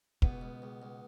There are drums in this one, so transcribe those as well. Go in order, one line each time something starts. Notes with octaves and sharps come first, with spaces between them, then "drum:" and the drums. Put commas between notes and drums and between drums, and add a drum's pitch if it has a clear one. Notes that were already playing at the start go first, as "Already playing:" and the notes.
C#2 B2 B3, drum: kick
C#2
C#2
C#2